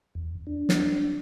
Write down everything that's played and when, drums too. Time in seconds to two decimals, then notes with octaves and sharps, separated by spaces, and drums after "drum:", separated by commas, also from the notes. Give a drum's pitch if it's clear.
0.15 E2
0.47 D4
0.69 drum: snare